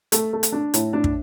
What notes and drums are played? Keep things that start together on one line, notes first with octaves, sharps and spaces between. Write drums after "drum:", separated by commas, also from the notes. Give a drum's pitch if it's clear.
A3, drum: hi-hat
A3
drum: hi-hat
D4
A2, drum: hi-hat
D4
drum: kick